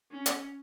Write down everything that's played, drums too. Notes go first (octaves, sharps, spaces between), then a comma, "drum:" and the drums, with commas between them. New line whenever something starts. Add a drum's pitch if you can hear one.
C#4
drum: hi-hat